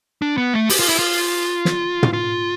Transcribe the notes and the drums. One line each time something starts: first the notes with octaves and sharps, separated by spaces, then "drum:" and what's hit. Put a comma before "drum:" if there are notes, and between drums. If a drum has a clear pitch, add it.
D4
B3
A3
G4, drum: open hi-hat
F4
E4
F4
drum: snare
drum: tom
F4